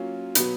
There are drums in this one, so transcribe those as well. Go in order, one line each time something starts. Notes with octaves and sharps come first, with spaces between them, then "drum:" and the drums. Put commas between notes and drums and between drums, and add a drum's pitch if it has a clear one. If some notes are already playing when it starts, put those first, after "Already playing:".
Already playing: F#3 A#3 C#4 F4
B2 F#3 B3, drum: hi-hat